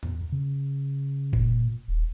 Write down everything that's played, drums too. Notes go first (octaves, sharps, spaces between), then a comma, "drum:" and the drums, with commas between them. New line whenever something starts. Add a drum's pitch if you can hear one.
E2, drum: tom A2
C#3
A#2, drum: kick
D#1